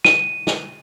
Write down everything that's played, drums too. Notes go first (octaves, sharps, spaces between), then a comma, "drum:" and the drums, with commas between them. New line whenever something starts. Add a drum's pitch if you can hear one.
D#7, drum: snare
drum: snare